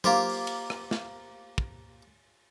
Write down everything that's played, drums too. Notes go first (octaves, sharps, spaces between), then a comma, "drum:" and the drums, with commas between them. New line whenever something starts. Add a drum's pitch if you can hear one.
A#3 F4 G4 C5, drum: tom F#3
drum: open hi-hat
drum: cymbal
drum: rim click
drum: snare
drum: kick